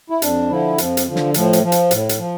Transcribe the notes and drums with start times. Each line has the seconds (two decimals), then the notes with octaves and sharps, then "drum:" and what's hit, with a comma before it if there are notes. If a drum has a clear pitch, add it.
0.10 E4
0.22 F2 D4, drum: hi-hat
0.50 D3 F3 E4
0.78 F2 F3, drum: hi-hat
0.97 drum: hi-hat
1.07 D3 F3
1.16 drum: snare
1.34 A2 F3, drum: hi-hat
1.53 drum: hi-hat
1.63 F3
1.72 drum: hi-hat
1.91 A2, drum: hi-hat
2.09 drum: hi-hat
2.19 F3